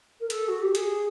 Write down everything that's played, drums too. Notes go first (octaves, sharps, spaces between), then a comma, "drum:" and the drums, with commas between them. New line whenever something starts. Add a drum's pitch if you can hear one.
A#4
A4, drum: hi-hat
F#4
G4
G#4, drum: hi-hat